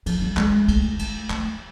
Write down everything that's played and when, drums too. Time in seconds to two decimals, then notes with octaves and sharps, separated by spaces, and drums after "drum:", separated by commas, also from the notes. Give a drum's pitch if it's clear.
0.06 F3, drum: cymbal
0.22 G3
0.37 G#3, drum: clap
0.68 A3, drum: kick A#1, cymbal
0.99 A3, drum: cymbal
1.30 A3, drum: clap